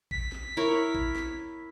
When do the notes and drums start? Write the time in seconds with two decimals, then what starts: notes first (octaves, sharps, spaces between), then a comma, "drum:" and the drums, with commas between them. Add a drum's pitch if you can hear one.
0.11 B6, drum: kick A1
0.32 drum: snare
0.57 E4 A#4 C#5
0.95 drum: kick A1
1.15 drum: snare